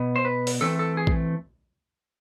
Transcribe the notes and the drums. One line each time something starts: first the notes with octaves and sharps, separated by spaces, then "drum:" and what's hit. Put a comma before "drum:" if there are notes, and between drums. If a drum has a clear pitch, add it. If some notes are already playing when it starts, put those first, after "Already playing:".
Already playing: B2 B3
C5
B4
drum: open hi-hat
E3 A3 C4 A4
A4
G#4
drum: kick A#1